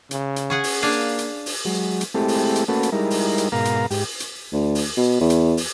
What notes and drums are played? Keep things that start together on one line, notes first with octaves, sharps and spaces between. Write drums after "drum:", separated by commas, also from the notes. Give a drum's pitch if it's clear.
C#3, drum: hi-hat
drum: hi-hat
C#4 G#4 F#5
drum: open hi-hat
A#3 D4 F5 G#5
drum: hi-hat
drum: open hi-hat
F#3 G#3
drum: hi-hat
G#3 A3 C4 E4 G4 A4
drum: open hi-hat
drum: hi-hat
A3 A#3 C#4 F#4 A4 B4
drum: hi-hat
G3 G#3 D#4 E4 A#4
drum: open hi-hat
drum: hi-hat
G#2 B2 A#4 F5 A#5
drum: hi-hat
G#2 G4, drum: open hi-hat
drum: hi-hat
D2
drum: open hi-hat
B2
E2
drum: hi-hat
drum: open hi-hat